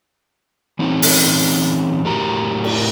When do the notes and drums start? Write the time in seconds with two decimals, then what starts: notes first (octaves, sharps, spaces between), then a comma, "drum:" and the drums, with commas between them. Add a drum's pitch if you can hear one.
0.79 E3 C4 C#4 D#4
1.02 drum: open hi-hat
2.05 A2 F#4 G4 A#4 A#5
2.64 drum: cymbal